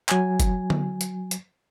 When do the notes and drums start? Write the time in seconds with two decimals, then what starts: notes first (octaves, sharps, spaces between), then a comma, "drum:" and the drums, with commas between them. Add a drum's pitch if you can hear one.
0.09 F#3 G#5, drum: clap
0.40 drum: kick F#1, hi-hat
0.70 drum: tom D3
1.01 drum: hi-hat
1.31 drum: hi-hat